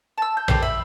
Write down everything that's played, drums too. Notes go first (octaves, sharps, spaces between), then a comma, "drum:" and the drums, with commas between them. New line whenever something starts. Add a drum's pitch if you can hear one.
A5 E6
G6
G4 A4 B4 C5, drum: tom A#1
E5 B5